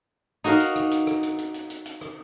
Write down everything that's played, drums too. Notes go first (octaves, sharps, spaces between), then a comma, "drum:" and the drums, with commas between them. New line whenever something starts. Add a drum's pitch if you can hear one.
D#4 F#4 A#4 D#5 F5, drum: hi-hat
drum: hi-hat
drum: rim click
drum: hi-hat
drum: rim click
drum: hi-hat
drum: hi-hat
drum: hi-hat
drum: hi-hat
drum: hi-hat
drum: rim click